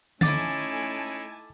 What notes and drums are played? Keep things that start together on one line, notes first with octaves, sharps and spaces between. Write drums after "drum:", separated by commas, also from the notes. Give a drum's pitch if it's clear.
A3 C#4 D#4 E4 G#5 A5 D6 A6, drum: tom D3